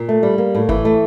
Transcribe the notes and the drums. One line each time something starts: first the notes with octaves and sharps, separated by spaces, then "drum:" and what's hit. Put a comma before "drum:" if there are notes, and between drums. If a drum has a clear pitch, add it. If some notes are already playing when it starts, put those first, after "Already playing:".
Already playing: A#2
A3
G3
A#3
A2
E3, drum: kick
A3